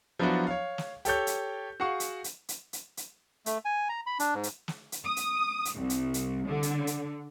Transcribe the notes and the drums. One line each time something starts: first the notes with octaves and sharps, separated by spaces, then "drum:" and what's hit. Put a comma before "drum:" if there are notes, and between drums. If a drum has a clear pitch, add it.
F3 F#3 B3 D4 E4 F#4
C#5 F5
drum: snare
G4 A4 C#5 G6, drum: hi-hat
drum: hi-hat
F#4 G#4 F5 F#5 C#6
drum: hi-hat
drum: hi-hat
drum: hi-hat
drum: hi-hat
drum: hi-hat
A3, drum: hi-hat
G#5
A#5
B5
D4, drum: hi-hat
G#2
drum: hi-hat
drum: snare
drum: hi-hat
D#6
drum: hi-hat
drum: hi-hat
C2
drum: hi-hat
drum: hi-hat
D3
drum: hi-hat
drum: hi-hat